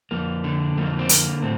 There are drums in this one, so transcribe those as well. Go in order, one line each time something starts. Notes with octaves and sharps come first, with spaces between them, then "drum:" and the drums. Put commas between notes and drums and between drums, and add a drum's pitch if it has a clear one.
F2 A#3
D3
F2 A#3
C4
D3 A#3, drum: hi-hat
A2 C4